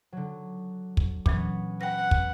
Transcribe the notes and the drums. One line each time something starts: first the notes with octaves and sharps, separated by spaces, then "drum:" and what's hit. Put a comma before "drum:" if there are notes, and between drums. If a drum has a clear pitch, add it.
D3 F#3
drum: kick
A#2 E3 F#3 B3 C#4, drum: kick
B4 F#5 G5 A#6
drum: kick